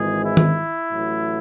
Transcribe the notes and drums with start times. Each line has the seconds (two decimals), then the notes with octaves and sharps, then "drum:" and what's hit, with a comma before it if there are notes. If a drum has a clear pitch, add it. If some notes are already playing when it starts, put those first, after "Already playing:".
Already playing: G#1 G#2 E3 G#3 G#4
0.25 E4
0.37 drum: tom D#3
0.88 A1 A2 F#3 A3